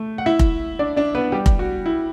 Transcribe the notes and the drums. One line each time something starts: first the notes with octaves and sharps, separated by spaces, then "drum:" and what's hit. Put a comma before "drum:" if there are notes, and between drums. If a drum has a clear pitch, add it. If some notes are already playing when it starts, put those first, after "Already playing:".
Already playing: A3
F#5
E4 E5
drum: kick F1
D4 D5
D4 D5
B3 B4
G3 G4
drum: kick F1
F#4
E4